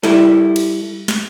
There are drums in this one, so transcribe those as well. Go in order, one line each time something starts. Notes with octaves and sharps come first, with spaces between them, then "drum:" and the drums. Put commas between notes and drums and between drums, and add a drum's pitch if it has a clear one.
G3 E4 A4, drum: snare
drum: cymbal
drum: snare